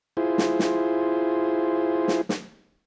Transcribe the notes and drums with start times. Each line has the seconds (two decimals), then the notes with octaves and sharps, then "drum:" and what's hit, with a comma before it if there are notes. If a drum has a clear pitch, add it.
0.17 E4 F4 G#4 C5
0.38 drum: snare
0.59 drum: snare
2.08 drum: snare
2.29 drum: snare